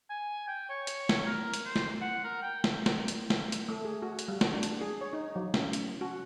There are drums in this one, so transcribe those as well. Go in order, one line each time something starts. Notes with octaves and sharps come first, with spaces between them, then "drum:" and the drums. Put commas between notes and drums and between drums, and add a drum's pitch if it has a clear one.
G#5
G5
C#5
drum: hi-hat
drum: snare
A#4
drum: hi-hat
C5
drum: snare
F#5
A#4
G5
drum: snare
drum: snare
drum: hi-hat
drum: snare
drum: hi-hat
A3
G#4
F#4
drum: hi-hat
G3
F#4, drum: snare
D4
drum: hi-hat
G#4
C#5
D#4
F#3
C#3, drum: snare
drum: hi-hat
F#4